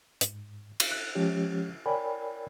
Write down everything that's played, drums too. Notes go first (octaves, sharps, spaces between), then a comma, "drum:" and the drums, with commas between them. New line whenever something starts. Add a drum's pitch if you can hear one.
G#2, drum: hi-hat
drum: cymbal
F#6
F3 G#3 C#4 G4 C#5
A#4 C#5 D5 G5 G#5 B5